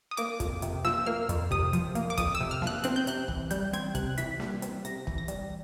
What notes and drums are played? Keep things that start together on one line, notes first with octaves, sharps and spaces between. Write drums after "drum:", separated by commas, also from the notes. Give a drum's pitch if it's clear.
D#6
A#3 D6, drum: hi-hat
F2, drum: kick, hi-hat
C3, drum: hi-hat
F3 E6, drum: snare A#3
A#3 F6
F2, drum: hi-hat
C3 D#6, drum: kick
F3, drum: hi-hat
A#3, drum: hi-hat
D6
F2 D#6, drum: kick, hi-hat
E6
C3
F6
F3, drum: snare A#3
F#6
C4 F#6, drum: hi-hat
G6
C3 F#6, drum: hi-hat
E3, drum: kick
G3 G6, drum: hi-hat
C4 G#6, drum: hi-hat
C3 F#6, drum: kick, hi-hat
E3 B6, drum: hi-hat
G3, drum: snare A#3
C4, drum: hi-hat
C3 A#6, drum: hi-hat
E3, drum: kick
A#6
G3, drum: hi-hat